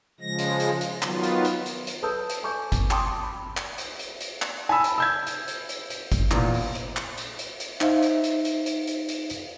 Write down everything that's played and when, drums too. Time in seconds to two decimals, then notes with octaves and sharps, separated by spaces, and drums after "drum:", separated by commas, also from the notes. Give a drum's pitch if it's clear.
0.21 C#3 F3 G#3 A#6
0.39 drum: hi-hat
0.60 drum: hi-hat
0.81 drum: hi-hat
1.02 D#3 F#3 B3 F4, drum: clap
1.24 drum: hi-hat
1.45 drum: hi-hat
1.66 drum: hi-hat
1.87 drum: hi-hat
2.02 A4 B4 A5 D#6 E6 G6
2.30 drum: hi-hat
2.43 G#5 A5 C#6 D6 G6
2.72 drum: kick G1, hi-hat
2.91 G5 A5 C6 D6 D#6, drum: clap
3.23 B5
3.57 drum: clap
3.78 drum: hi-hat
3.99 drum: hi-hat
4.21 drum: hi-hat
4.42 drum: clap
4.69 G#5 A5 B5 E6
4.84 drum: hi-hat
4.98 E6 G6 G#6
5.27 drum: hi-hat
5.48 drum: hi-hat
5.69 drum: hi-hat
5.90 drum: hi-hat
6.12 drum: kick G1, hi-hat
6.31 E2 A#2, drum: clap
6.54 drum: open hi-hat
6.75 drum: hi-hat
6.96 drum: clap
7.18 drum: hi-hat
7.39 drum: hi-hat
7.60 drum: hi-hat
7.81 D#4 C5 E5 F5, drum: clap
8.03 drum: hi-hat
8.24 drum: hi-hat
8.45 drum: hi-hat
8.66 drum: hi-hat
8.87 drum: hi-hat
9.09 drum: hi-hat
9.30 drum: hi-hat